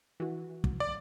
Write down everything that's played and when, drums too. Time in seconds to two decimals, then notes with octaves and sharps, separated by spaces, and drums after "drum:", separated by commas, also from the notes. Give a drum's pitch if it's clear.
0.20 E3 F#4
0.64 drum: kick
0.80 D5